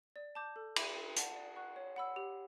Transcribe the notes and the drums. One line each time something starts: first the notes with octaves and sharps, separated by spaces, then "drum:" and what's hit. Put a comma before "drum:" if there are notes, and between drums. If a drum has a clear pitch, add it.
D5
A5 D6 G6
A4
E5 G5 B5 D6, drum: cymbal
A4
D5 F#5 A5, drum: hi-hat
D5
F#5 C#6 F#6
C#5
F#5 B5 E6
G4